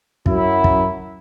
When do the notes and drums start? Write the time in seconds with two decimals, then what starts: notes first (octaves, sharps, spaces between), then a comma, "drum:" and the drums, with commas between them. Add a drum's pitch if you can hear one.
0.26 F#2 F#3 E4, drum: kick
0.64 drum: kick